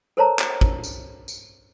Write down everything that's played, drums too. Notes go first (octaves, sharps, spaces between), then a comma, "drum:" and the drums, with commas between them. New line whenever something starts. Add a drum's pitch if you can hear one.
A4 A#4 C5 C#5 A5 A#5
drum: clap
drum: kick
drum: tambourine
drum: tambourine